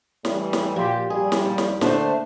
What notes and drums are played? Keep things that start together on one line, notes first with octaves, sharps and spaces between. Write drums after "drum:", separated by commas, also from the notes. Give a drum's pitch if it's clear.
A2 E3 G3, drum: snare
drum: snare
A#2 F3 G4 C6
G3 G#4
drum: snare
D#2
drum: snare
D3 A3 A#3 D4 C5, drum: snare